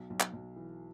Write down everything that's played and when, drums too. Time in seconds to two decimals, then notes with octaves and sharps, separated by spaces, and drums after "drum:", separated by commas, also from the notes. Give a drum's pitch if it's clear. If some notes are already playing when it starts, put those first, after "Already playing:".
Already playing: B1
0.10 B1
0.20 drum: clap
0.33 B1
0.56 E3